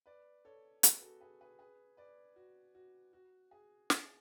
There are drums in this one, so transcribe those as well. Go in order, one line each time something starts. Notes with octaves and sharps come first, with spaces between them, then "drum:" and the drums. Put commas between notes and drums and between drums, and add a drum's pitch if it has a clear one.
B4 D5
A4 C#5
G#4 B4, drum: hi-hat
F#4 A4
G#4 B4
G#4 B4
G#4 B4
B4 D5
F#4
F#4
F#4
G#4
G#4, drum: snare